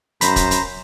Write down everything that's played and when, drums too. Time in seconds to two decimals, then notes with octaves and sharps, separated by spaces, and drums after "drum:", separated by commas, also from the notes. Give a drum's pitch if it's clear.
0.21 F#2 C5 A#5 B5, drum: hi-hat
0.36 drum: kick, hi-hat
0.51 drum: hi-hat